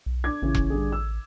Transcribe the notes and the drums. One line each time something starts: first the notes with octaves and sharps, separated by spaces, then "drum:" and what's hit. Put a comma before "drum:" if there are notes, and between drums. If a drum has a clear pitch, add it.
B1
D4 D6 G#6
A1 C#3 E3 C#4
drum: kick E1
G2 D3 G#4
E6